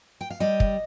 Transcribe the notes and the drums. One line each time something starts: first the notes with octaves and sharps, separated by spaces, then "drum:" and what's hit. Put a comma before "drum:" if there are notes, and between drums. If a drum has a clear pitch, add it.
G5
F5
G3 D#5
drum: kick